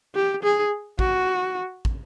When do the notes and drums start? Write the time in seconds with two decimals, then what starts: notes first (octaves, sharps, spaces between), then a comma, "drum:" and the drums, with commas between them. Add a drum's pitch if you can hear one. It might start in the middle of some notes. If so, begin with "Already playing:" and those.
0.15 G4
0.43 G#4
0.99 F#4, drum: kick
1.85 drum: kick